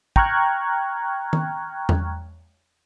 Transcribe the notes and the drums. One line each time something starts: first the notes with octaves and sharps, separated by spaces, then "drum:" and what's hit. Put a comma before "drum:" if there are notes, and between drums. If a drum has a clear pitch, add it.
G5 A#5 C#6 F6 F#6 G#6, drum: kick
drum: tom D#3
drum: tom E2